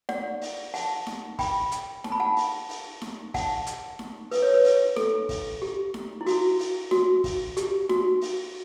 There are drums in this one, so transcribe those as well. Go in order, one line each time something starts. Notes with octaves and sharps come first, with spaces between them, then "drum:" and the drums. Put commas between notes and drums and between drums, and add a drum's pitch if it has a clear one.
D5 F#5, drum: snare D#4
drum: open hi-hat
F#5 A5, drum: open hi-hat
drum: snare D#4
G5 B5, drum: kick, open hi-hat
drum: hi-hat
A5, drum: snare D#4
B5
F#5 A5
drum: open hi-hat
drum: open hi-hat
drum: snare D#4
F#5 A5, drum: kick, open hi-hat
drum: hi-hat
drum: snare D#4
B4, drum: open hi-hat
C#5
B4
drum: open hi-hat
A4, drum: snare D#4
drum: kick, open hi-hat
G4
drum: snare D#4
E4
F#4, drum: open hi-hat
drum: open hi-hat
F#4, drum: snare D#4
drum: kick, open hi-hat
G4, drum: hi-hat
F#4, drum: snare D#4
drum: open hi-hat